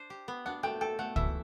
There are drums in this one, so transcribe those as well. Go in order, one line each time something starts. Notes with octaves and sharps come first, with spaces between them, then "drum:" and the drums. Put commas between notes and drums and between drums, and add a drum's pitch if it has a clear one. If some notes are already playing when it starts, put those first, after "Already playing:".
Already playing: D4 C5
G4
B3
D4 F#5
A3 G5
A4 G5
A3 F#5
E3 E5, drum: kick